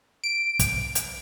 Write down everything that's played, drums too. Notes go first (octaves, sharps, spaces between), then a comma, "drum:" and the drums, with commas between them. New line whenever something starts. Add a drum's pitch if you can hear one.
D7
drum: kick, hi-hat
drum: hi-hat